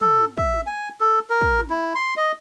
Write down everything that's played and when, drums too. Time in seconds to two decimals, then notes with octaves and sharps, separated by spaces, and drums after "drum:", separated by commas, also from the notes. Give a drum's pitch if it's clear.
0.01 A4, drum: tom
0.19 drum: tom
0.37 E5, drum: kick
0.54 drum: tom
0.67 G#5
1.00 A4
1.30 A#4
1.41 drum: kick
1.59 drum: tom
1.70 E4
1.95 C6
2.17 D#5